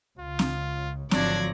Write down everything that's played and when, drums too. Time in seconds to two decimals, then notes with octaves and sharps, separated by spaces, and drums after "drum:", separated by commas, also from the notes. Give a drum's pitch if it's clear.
0.19 C#2 C#3 F4
0.39 drum: snare C4
1.11 G#1 D3 F3 F#3 D4 D5 G#6 A#6, drum: snare C4